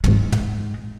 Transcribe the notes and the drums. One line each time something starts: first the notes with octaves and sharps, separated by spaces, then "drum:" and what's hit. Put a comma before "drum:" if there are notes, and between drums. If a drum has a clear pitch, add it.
G#2 G#3, drum: tom
drum: tom